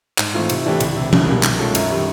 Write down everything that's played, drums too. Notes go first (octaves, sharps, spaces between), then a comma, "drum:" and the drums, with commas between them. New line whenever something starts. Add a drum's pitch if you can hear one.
G#2, drum: clap
E3 A3 C4 F4
C3, drum: cymbal
E3 A3 D4 G4
C#2, drum: cymbal
C3 E3
C2, drum: tom E3
B2 G3 A#3
D#3, drum: clap
G#3 C#4 F4 A4
F#2, drum: cymbal
D#3 G3